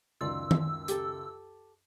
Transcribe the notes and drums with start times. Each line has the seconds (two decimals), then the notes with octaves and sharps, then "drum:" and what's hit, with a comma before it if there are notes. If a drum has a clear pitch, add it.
0.21 C#2 F#2 D#3 F4 D5 E6
0.51 drum: tom D#3
0.88 G4 A4, drum: hi-hat